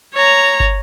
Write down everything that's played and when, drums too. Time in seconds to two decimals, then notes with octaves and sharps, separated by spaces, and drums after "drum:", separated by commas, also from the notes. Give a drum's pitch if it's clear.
0.14 C#5 A#5
0.60 drum: kick